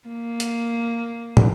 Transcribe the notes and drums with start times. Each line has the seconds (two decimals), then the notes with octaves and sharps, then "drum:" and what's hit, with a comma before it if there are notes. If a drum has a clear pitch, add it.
0.08 A#3
0.40 drum: hi-hat
1.37 drum: tom